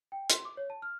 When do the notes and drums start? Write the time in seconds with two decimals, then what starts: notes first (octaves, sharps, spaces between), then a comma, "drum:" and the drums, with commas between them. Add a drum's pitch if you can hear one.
0.12 G5
0.30 C6, drum: hi-hat
0.45 D6
0.57 C#5
0.70 A5
0.82 F6